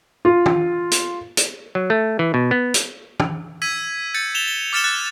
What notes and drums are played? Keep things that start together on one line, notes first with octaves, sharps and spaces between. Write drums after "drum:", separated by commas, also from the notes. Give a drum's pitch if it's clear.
F4
drum: tom
drum: hi-hat
drum: hi-hat
F#3
A3
E3
B2
B3
drum: hi-hat
drum: tom
E6 G#6 B6 D#7
G6 A6 C#7
E7 F7 G7
G7
D6 F6 A6 C#7 E7 G7
F#6 A6